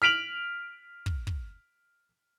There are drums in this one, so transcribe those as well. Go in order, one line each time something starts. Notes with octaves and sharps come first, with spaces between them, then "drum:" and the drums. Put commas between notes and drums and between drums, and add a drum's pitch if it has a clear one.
F6 B6 D7 F7 F#7
drum: kick
drum: kick